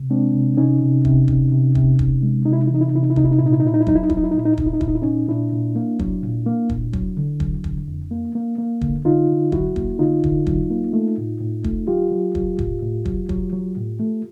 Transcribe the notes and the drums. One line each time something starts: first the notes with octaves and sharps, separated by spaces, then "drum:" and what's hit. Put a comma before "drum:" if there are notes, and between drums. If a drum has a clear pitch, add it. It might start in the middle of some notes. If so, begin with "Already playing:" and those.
Already playing: C3
G#3 C4 D4
C3
C3 C#4 D#4
C3
C3, drum: kick
C3, drum: kick
C3
C3, drum: kick
C3, drum: kick
G#3
C3 D#4
E4
D#4
E3 E4
D#4
E4
D#4
C3 E4
D#4
E4
C3 D#4, drum: kick
E4
D#4
A#2 E4
D#4
E4
D#4
A#2 E4
D#4
E4
F#3 D#4, drum: kick
E4
D#4
F#3 E4, drum: kick
D#4
E4
D#4
A#2 E4
D#4
E4
A#2 D#4, drum: kick
E4
D#4
A#2 E4, drum: kick
D#4
E4
A#2 C#4 D#4
A#2 D4 E4
A#2
A#3
F#3, drum: kick
A#2
A#3
A#2, drum: kick
F#3, drum: kick
D3
F#3, drum: kick
D3, drum: kick
F2
A#3
A#3
A#3
D3, drum: kick
D3 D#4 F4
D3
F#3 E4 F#4, drum: kick
A#3, drum: kick
D3 D#4 F4
D3, drum: kick
F#3, drum: kick
A#3
A3
A2
A2
A3, drum: kick
F#3 F4 G4
F#3
F#3, drum: kick
A2, drum: kick
A2
F#3, drum: kick
F#3, drum: kick
F#3
A2
A3